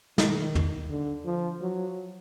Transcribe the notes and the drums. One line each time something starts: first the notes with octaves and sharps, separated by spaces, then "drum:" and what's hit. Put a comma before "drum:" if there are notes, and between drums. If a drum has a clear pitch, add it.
D#3, drum: snare
drum: tom
D3
F3
F#3